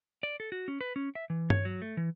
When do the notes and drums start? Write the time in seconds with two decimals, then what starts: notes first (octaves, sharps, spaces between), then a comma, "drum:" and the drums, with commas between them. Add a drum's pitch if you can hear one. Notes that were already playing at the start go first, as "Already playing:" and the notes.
0.23 D5
0.40 A4
0.52 F#4
0.68 C#4
0.81 B4
0.96 C#4
1.15 E5
1.30 E3
1.50 C#5, drum: tom G2
1.65 F#3
1.82 A3
1.97 E3